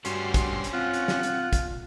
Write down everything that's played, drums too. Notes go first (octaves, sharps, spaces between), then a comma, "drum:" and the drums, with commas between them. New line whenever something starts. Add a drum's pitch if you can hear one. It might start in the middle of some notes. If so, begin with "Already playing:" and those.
G2 A3 C#4 D4 F#4 C5 F#5 C6, drum: hi-hat
drum: kick, hi-hat
drum: hi-hat
C4 F4 F#5
drum: hi-hat
drum: snare
drum: hi-hat
drum: kick, hi-hat